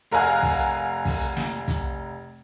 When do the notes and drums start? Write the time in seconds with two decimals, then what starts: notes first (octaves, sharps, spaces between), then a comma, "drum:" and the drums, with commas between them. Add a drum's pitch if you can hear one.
0.12 F1 A#4 F5 F#5 G#5 F6
0.43 drum: kick, open hi-hat
1.05 drum: kick, open hi-hat
1.36 drum: snare
1.68 drum: kick, hi-hat